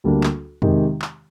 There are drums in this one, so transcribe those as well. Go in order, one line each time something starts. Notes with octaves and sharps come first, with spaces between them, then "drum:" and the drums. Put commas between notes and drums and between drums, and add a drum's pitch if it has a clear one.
D2 D3 G3 A#3 D4
drum: clap
C3 D#3 G#3 D#4 G4, drum: tom
drum: clap